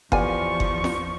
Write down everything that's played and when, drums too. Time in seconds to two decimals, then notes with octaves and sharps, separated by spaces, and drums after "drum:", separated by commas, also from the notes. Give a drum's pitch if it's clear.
0.12 E2 F3 B3 F4 G4 D5 G#5 C#6, drum: kick F#1
0.60 drum: kick F#1
0.84 drum: snare